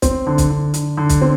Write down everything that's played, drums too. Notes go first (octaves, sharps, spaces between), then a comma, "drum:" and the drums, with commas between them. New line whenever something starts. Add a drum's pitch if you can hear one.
C4, drum: kick, hi-hat
D3
drum: kick, hi-hat
D3
D3, drum: hi-hat
D3
drum: kick, hi-hat
C4